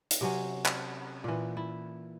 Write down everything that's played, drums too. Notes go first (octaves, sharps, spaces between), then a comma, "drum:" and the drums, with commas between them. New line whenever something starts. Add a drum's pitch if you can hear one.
drum: hi-hat
C3 F#3 C#4
drum: clap
A#2 E3
E4